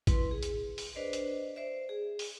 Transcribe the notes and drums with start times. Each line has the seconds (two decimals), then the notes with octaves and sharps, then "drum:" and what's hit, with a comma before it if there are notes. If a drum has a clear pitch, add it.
0.07 E4 B4 C6, drum: kick A1, hi-hat
0.31 G#4
0.43 drum: hi-hat
0.78 drum: open hi-hat
0.95 D4 B4 C5 D5 D#5
1.13 drum: hi-hat
1.56 C5 D5 E5
1.89 G#4
2.19 drum: open hi-hat